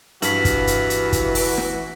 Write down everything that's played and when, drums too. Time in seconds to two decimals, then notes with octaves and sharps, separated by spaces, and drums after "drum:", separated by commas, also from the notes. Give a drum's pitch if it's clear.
0.22 G2 E3 F#4 B6 F#7, drum: hi-hat
0.45 drum: kick, hi-hat
0.67 drum: hi-hat
0.90 drum: hi-hat
1.12 drum: kick, hi-hat
1.35 drum: open hi-hat
1.58 drum: rim click